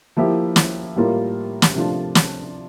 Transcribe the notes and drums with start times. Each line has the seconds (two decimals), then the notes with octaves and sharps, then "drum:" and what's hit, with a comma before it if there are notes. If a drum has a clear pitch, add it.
0.17 F3 A#3 E4 G4
0.56 drum: snare
0.96 A2 G3 A#3 F4 A#4
1.62 drum: snare
1.75 C3 F3 A3 D4 F4
2.15 drum: snare